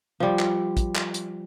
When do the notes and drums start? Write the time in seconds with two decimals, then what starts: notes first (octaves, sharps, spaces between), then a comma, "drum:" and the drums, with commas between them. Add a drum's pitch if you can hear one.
0.20 F3 G3
0.39 drum: clap
0.77 drum: kick, hi-hat
0.95 drum: clap
1.14 drum: hi-hat